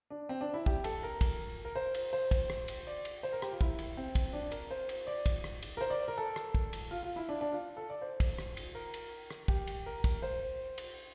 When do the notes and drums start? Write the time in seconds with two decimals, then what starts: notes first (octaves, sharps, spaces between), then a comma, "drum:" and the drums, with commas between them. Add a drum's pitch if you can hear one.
0.10 D4
0.29 C4
0.41 D4
0.54 E4
0.66 G4, drum: kick
0.84 A4, drum: cymbal
1.03 A#4
1.21 drum: kick, cymbal
1.65 A#4
1.76 C5
1.95 drum: cymbal
2.13 C5
2.31 drum: kick, cymbal
2.50 drum: rim click
2.68 drum: cymbal
2.87 D5
3.05 drum: cymbal
3.23 C5
3.33 A#4
3.42 G4, drum: rim click
3.51 F4
3.61 E4, drum: kick
3.79 drum: cymbal
3.97 C4
4.15 drum: kick, cymbal
4.33 D4
4.52 A#4, drum: cymbal
4.71 C5
4.89 drum: cymbal
5.07 D5
5.26 drum: kick, cymbal
5.44 drum: rim click
5.63 drum: cymbal
5.77 A#4
5.81 C5
5.90 D5
6.08 A#4
6.18 A4
6.36 drum: rim click
6.55 drum: kick
6.73 drum: cymbal
6.91 F4
7.03 F4
7.16 E4
7.29 D4
7.41 D4
7.52 F4
7.77 A4
7.90 D5
8.01 C5
8.20 drum: kick, cymbal
8.39 drum: rim click
8.57 drum: cymbal
8.75 A#4
8.94 drum: cymbal
9.31 drum: rim click
9.48 G4, drum: kick
9.67 drum: cymbal
9.86 A#4
10.04 drum: kick, cymbal
10.22 C5
10.78 drum: cymbal